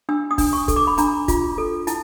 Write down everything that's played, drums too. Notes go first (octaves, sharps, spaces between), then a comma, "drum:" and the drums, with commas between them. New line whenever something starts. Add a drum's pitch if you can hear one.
D4 E6
D#6
D4, drum: kick, open hi-hat
C#6
A4, drum: kick, hi-hat
D6
B5
D4 A#5, drum: hi-hat
F4, drum: kick, hi-hat
A4
E4 A5, drum: hi-hat